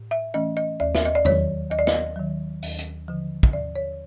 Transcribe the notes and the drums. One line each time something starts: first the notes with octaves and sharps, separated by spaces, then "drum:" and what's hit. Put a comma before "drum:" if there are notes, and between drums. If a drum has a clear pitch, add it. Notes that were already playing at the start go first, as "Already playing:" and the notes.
Already playing: A2
E5
E3 A3 C#4 D#5
D#5
D#2 D5
E5, drum: snare
D#5
D5
D#3 F#3 C#5, drum: tom E2
D#2 D#5
D5
D#5, drum: snare
D#3 F#3
D#2, drum: open hi-hat
drum: hi-hat
D3 F3
drum: kick
D#2 D5
C#5